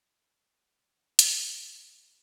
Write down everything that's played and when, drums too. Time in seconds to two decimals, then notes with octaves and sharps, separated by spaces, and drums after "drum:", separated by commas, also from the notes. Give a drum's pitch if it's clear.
0.20 A3 C#4 E4 B4
0.58 A3 D4 F#4 B4
0.95 A3 D4 F#4 B4
1.19 drum: hi-hat
1.34 G3 D4 G4 C#5
1.71 G3 D4 G4 C#5